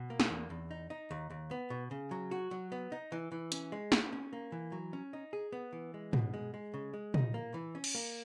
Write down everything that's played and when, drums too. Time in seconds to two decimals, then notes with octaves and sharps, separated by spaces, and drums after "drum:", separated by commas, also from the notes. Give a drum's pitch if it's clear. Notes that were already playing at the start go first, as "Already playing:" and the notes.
Already playing: B2
0.10 A#3
0.20 drum: snare
0.30 E2
0.50 E2
0.71 D#4
0.90 D#4
1.11 D#2
1.30 D#2
1.51 B3
1.70 B2
1.91 C#3
2.11 F#3
2.31 F#4
2.51 F#3
2.72 B3
2.92 D#4
3.12 E3
3.32 E3
3.52 C#4, drum: hi-hat
3.72 G#3
3.92 C#4, drum: snare
4.13 C#4
4.33 A#3
4.52 E3
4.72 F#3
4.93 C#4
5.13 D#4
5.33 G#4
5.52 B3
5.73 E3
5.94 G#3
6.13 B2, drum: tom
6.34 G#3
6.54 G#3
6.74 C#3
6.94 G#3
7.14 D#4, drum: tom
7.34 A#3
7.54 E3
7.75 C#4
7.84 drum: cymbal
7.95 A#3